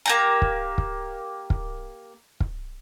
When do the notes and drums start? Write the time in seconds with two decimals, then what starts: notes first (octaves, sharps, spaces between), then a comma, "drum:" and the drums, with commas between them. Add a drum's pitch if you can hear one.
0.06 A#3 G4 A#5
0.42 drum: kick
0.78 drum: kick
1.50 drum: kick
2.40 drum: kick